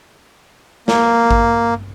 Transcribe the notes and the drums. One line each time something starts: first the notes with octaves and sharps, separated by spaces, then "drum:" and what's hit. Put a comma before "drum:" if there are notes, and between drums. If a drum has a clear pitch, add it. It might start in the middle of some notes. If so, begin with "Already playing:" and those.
A#3, drum: snare
drum: kick G#1